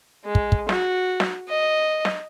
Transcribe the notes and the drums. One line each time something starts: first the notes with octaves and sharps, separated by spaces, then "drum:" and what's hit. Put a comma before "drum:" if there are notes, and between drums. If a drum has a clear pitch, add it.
G#3
drum: kick
drum: kick
F#4, drum: snare
drum: snare
D#5
drum: snare